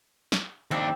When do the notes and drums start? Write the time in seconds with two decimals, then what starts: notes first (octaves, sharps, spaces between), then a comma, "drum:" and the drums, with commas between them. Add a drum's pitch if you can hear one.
0.32 drum: snare
0.71 D#2 C4 D4 G4 E5